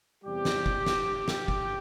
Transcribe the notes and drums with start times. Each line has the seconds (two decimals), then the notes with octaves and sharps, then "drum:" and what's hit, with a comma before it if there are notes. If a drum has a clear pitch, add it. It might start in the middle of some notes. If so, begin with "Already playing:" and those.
0.24 E2 C3 E3 G3 G4
0.45 drum: snare
0.66 drum: kick
0.86 drum: snare
1.28 drum: snare
1.48 drum: kick